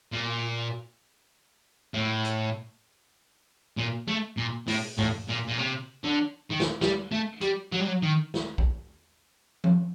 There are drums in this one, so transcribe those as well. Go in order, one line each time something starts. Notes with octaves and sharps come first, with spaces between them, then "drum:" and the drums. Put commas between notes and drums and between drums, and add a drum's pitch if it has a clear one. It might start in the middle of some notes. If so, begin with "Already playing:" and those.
A#2
A2
drum: hi-hat
A#2
A3
A#2
A2, drum: open hi-hat
A2, drum: tom G2
A#2
A#2
C3
D3
D#3
drum: snare
G3, drum: snare
A3
G3, drum: hi-hat
F#3
G3
F#3
D#3
drum: snare
drum: kick
drum: tom F3